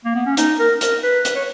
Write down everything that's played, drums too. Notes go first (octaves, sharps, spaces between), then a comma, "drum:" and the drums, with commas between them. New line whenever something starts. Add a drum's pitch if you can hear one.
A#3
B3
C#4
D#4, drum: hi-hat
A#4
A#4, drum: hi-hat
B4
B4, drum: hi-hat
C#5